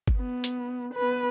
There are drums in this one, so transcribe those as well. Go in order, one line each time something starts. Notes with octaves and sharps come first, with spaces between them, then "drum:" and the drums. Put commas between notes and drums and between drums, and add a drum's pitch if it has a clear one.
drum: kick G1
B3
drum: hi-hat
B3 B4